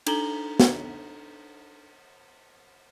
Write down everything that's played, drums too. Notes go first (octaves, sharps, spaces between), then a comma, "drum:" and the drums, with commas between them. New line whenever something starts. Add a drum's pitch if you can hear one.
D4 D#4 A4 A#5 F#7 G7, drum: cymbal
drum: snare